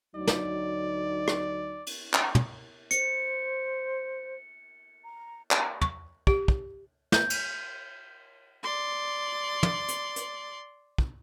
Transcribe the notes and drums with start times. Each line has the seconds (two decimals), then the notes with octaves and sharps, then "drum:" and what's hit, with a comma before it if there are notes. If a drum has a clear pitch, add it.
0.16 D2 F#3 D#4 D5
0.27 drum: snare
1.28 drum: rim click
1.87 drum: cymbal
2.14 drum: clap
2.35 drum: tom
2.91 C5 C#7, drum: hi-hat
5.04 A#5
5.51 drum: clap
5.82 C#6, drum: tom
6.27 G4, drum: kick
6.48 drum: kick
7.12 G6, drum: snare
7.30 drum: cymbal
8.63 D5 C6
9.63 drum: tom
9.89 drum: hi-hat
10.16 drum: hi-hat
10.98 drum: kick